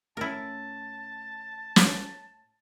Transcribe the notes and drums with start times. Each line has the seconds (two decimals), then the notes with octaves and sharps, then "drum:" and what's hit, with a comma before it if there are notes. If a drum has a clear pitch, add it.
0.17 A2 C#4 E4 A#4 A5
1.76 drum: snare